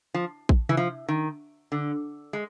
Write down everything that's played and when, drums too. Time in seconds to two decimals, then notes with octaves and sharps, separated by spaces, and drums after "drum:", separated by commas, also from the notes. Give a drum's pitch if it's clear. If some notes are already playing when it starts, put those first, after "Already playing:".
0.14 F3
0.49 drum: kick
0.69 E3, drum: tom C3
0.77 F3
1.08 D#3
1.72 D3
2.33 G#3